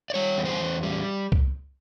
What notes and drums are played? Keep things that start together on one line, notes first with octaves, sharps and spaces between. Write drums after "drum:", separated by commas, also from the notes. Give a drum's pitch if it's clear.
D5
G3 C#5
E2
C5
E2
G3
drum: kick